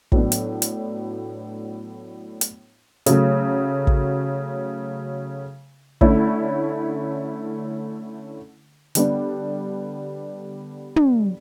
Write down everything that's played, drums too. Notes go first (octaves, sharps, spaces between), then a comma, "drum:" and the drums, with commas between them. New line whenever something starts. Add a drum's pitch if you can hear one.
A2 F#3 B3 D4, drum: kick
drum: hi-hat
drum: hi-hat
drum: hi-hat
C#3 F#3 A3, drum: hi-hat
drum: kick
D3 A3 C#4 E4, drum: kick
D3 G3 B3 D4, drum: hi-hat
drum: tom